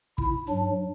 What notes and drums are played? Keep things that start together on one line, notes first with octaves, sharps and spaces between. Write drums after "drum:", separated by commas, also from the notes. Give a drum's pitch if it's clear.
E4, drum: kick
G2 F#3 D4